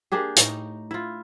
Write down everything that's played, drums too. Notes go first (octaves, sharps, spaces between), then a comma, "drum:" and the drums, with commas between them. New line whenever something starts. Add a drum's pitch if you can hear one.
A#3 D4 G4 G#4
A2 D#4, drum: hi-hat
E4 F4